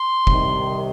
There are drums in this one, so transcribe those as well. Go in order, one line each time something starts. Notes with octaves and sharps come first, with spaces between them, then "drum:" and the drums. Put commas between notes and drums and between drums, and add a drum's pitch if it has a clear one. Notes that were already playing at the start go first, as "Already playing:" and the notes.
Already playing: C6
C2 C3 D#3, drum: kick